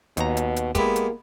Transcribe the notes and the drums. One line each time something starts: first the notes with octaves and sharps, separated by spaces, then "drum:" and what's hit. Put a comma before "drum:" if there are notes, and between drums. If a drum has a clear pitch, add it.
D#2 B2 A#5, drum: hi-hat
drum: hi-hat
drum: hi-hat
G#3 A#3 B3 E4 G4, drum: kick, hi-hat
drum: hi-hat